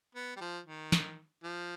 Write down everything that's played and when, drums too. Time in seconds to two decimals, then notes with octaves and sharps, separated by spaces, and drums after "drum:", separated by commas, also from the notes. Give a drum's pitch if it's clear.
0.15 B3
0.36 G3
0.41 F3
0.66 D#3
0.92 drum: snare
1.44 F3